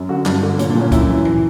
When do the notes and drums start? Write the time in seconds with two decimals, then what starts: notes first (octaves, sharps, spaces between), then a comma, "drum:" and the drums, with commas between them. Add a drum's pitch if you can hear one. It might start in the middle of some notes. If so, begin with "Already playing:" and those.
Already playing: F#2
0.09 D3 F#4
0.26 G2 D4, drum: clap
0.43 D3
0.59 A#2 C#4, drum: hi-hat
0.70 D4
0.75 A#2
0.81 C#4
0.92 F#2 E4, drum: kick C#2, hi-hat
1.09 E3
1.25 drum: tom A2